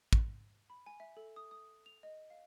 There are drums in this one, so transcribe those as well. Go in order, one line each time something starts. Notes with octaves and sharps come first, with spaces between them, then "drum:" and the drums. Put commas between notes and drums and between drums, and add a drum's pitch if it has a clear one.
drum: kick
B5
G#5
E5
A4
D#6
D#6
F7
D#5
F5